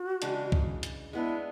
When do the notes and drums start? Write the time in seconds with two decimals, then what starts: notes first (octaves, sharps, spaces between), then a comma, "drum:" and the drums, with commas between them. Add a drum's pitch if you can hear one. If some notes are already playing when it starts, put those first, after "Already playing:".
Already playing: F#4
0.22 C#3 E3 G#3 D4, drum: hi-hat
0.52 drum: kick C2
0.83 drum: hi-hat
1.13 G#3 B3 D4 E4